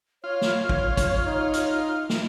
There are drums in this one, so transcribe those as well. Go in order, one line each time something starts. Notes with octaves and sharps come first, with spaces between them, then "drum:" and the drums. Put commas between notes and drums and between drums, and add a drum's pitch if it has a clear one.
F4 C#5
drum: snare
drum: kick
drum: kick, hi-hat
D#4
drum: hi-hat
drum: snare